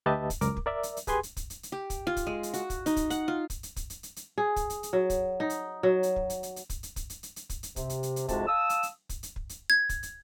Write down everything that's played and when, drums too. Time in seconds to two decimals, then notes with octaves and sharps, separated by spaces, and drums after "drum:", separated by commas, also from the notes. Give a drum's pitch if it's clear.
0.06 D2 G4 B4 D#5 E5 A5
0.30 drum: kick, hi-hat
0.41 C#2 F#2 A#4 D6, drum: hi-hat
0.57 drum: kick
0.66 A#4 D5 E5
0.83 drum: hi-hat
0.97 drum: hi-hat
1.07 G4 G#4 B4 G#5 C6, drum: kick, hi-hat
1.23 drum: hi-hat
1.37 drum: kick, hi-hat
1.50 drum: hi-hat
1.63 drum: hi-hat
1.72 G4
1.90 drum: kick, hi-hat
2.07 F4
2.17 drum: kick, hi-hat
2.27 G#3
2.43 drum: hi-hat
2.54 F#4, drum: hi-hat
2.70 drum: kick, hi-hat
2.86 D#4, drum: hi-hat
2.96 drum: kick, hi-hat
3.10 F#5, drum: hi-hat
3.28 F4
3.50 drum: kick, hi-hat
3.63 drum: hi-hat
3.76 drum: kick, hi-hat
3.90 drum: hi-hat
4.03 drum: hi-hat
4.16 drum: hi-hat
4.38 G#4
4.56 drum: kick, hi-hat
4.70 drum: hi-hat
4.83 drum: hi-hat
4.93 F#3
5.10 drum: kick, hi-hat
5.40 D#4
5.50 drum: hi-hat
5.83 F#3
6.03 drum: hi-hat
6.16 drum: kick
6.30 drum: hi-hat
6.43 drum: hi-hat
6.56 drum: hi-hat
6.70 drum: kick, hi-hat
6.83 drum: hi-hat
6.96 drum: kick, hi-hat
7.10 drum: hi-hat
7.23 drum: hi-hat
7.36 drum: hi-hat
7.50 drum: kick, hi-hat
7.63 drum: hi-hat
7.76 C3, drum: kick, hi-hat
7.90 drum: hi-hat
8.03 drum: hi-hat
8.16 drum: hi-hat
8.29 F2 G#2 C3 G#3 F#4 A5, drum: kick, hi-hat
8.47 F5 A5 D#6 E6
8.69 drum: hi-hat
8.83 drum: hi-hat
9.09 drum: kick, hi-hat
9.23 drum: hi-hat
9.36 drum: kick
9.49 drum: hi-hat
9.70 G#6
9.89 drum: kick, hi-hat
10.03 drum: hi-hat